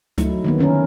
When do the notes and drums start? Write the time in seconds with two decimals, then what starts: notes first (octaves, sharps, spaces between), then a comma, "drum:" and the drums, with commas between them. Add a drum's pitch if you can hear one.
0.18 F#3 A3 D#4 E4, drum: kick C#2, hi-hat
0.44 D#3 A#3 B3
0.58 D3 E3 C#4 E4 A#4